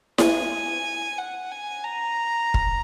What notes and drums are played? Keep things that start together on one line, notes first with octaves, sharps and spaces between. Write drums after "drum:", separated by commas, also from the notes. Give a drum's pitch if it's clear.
G#5, drum: snare E4
F#5
G#5
A#5
drum: kick